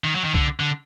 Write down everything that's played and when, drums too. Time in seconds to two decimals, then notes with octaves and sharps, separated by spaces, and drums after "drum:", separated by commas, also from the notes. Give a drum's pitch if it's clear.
0.04 D#3
0.15 F#3
0.25 D#3
0.35 D3, drum: kick C2
0.60 D3